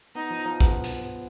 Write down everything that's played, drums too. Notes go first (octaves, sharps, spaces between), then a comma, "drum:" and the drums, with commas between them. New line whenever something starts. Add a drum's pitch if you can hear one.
B3 D#4
F3
F3
B3, drum: kick
drum: hi-hat